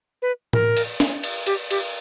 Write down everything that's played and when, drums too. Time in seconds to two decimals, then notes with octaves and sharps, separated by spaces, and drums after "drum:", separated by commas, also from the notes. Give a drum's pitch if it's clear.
0.22 B4
0.53 A#4, drum: tom A2
0.77 drum: cymbal
1.00 drum: snare
1.23 drum: cymbal
1.47 G4, drum: cymbal
1.70 G4, drum: cymbal